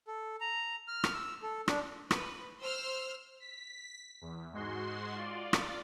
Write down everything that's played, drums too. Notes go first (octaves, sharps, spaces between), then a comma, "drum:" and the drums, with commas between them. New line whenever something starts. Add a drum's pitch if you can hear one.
A4
A#5
F6
drum: rim click
E6
A4
D4, drum: rim click
B4, drum: rim click
C5 C6 E6 F6
B6
E2
G#2 G#3 F#4 C6
F4 D5
drum: rim click